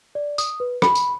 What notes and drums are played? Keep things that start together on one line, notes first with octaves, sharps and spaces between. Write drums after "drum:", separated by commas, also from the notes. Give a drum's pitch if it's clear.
D5
D#6, drum: tambourine
B4
B5, drum: rim click
drum: tambourine